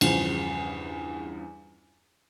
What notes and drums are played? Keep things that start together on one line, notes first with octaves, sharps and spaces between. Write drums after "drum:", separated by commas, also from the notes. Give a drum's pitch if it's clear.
E2 G2 C#3 F3, drum: cymbal